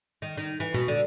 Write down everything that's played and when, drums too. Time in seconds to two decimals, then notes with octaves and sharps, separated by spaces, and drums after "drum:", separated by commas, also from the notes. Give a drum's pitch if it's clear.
0.22 D#3
0.37 D#3
0.60 E3
0.74 B2, drum: tom A#2
0.88 D3